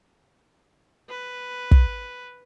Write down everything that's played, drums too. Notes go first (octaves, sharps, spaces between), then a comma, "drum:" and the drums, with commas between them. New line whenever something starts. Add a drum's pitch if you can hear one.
B4
drum: kick